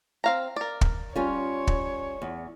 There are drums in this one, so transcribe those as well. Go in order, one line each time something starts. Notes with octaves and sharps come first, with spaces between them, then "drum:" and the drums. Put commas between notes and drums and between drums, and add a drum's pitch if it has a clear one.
C4 F5 A#5
A#4 D5
drum: kick
G3 C#4 F4 C#5
drum: kick
E2